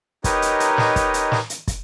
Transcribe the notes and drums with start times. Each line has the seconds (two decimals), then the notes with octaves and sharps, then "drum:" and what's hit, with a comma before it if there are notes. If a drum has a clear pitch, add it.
0.24 D#4 G4 A#4 B4 C#5 D#5, drum: kick, hi-hat
0.42 drum: hi-hat
0.60 drum: hi-hat
0.78 drum: snare
0.96 drum: kick, hi-hat
1.14 drum: hi-hat
1.32 drum: snare
1.50 drum: hi-hat
1.68 drum: kick, hi-hat